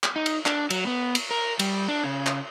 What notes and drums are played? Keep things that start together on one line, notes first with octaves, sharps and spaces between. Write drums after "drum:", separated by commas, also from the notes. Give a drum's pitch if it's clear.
drum: clap
D#4
drum: cymbal
D4, drum: clap
F#3, drum: cymbal
B3
drum: cymbal
A#4
G3, drum: cymbal
D4
C#3
drum: clap